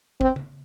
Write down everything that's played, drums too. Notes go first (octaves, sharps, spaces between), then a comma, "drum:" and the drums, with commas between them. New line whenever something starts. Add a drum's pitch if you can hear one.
C4, drum: kick
drum: tom C#3